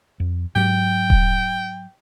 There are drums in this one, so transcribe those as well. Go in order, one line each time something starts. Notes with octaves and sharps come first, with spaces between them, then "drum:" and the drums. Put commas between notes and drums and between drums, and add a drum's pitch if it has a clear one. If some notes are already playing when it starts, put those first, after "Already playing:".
F2
G#2 F#3 G5
drum: kick D#1